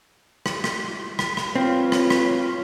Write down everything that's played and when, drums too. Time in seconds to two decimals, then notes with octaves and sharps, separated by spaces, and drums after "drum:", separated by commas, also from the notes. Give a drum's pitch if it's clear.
0.46 drum: rim click
0.64 drum: rim click
1.19 drum: rim click
1.37 drum: rim click
1.55 C4 F4 B4 C#5 F5
1.92 drum: rim click
2.10 drum: rim click